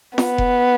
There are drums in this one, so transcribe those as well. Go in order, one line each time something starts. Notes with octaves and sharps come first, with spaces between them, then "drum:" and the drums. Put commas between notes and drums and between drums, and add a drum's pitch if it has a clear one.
B3, drum: snare
drum: kick F1